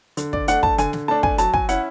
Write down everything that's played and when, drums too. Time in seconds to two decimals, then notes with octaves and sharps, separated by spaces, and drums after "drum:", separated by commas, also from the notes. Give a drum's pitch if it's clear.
0.17 D3, drum: hi-hat
0.33 D5, drum: kick
0.48 A3 D4 F#5, drum: hi-hat
0.63 A5, drum: kick
0.78 D3 G#5, drum: hi-hat
0.93 drum: snare
1.08 A3 D4 A5
1.23 G#5, drum: kick
1.38 F#3 A5, drum: hi-hat
1.54 G#5, drum: kick
1.69 C#4 E4 F#5, drum: hi-hat